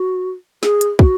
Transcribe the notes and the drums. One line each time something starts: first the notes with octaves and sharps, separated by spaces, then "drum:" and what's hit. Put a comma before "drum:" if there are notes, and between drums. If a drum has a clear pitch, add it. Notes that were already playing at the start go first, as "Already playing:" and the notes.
Already playing: F#4
G#4, drum: snare
drum: hi-hat
F#4, drum: kick